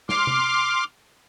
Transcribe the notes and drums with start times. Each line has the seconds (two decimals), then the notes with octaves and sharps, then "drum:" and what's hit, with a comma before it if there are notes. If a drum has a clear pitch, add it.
0.09 C6 D6 F6, drum: snare
0.27 drum: tom C3